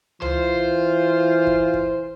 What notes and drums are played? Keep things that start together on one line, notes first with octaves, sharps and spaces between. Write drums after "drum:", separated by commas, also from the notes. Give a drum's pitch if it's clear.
E3 F4 C5, drum: tom C#2
drum: kick
drum: kick